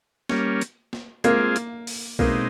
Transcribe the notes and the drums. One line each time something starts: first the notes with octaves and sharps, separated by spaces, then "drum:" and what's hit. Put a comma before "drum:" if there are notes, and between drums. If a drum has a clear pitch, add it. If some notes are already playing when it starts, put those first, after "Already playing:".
G3 A#3 C#4, drum: snare
drum: hi-hat
drum: snare
G#3 A#3 C4 F4 G#4, drum: hi-hat
drum: hi-hat
drum: open hi-hat
B2 G#3 A#3 C4 D#4, drum: kick B1